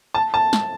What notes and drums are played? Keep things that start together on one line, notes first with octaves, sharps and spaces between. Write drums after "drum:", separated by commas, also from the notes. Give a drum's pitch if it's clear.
A5
A5
drum: snare